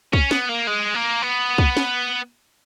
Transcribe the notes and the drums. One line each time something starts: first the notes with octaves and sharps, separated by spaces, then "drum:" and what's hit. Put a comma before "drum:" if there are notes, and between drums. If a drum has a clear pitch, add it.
C#4, drum: kick
B3, drum: snare
A#3
G#3
A#3
B3
drum: kick
drum: snare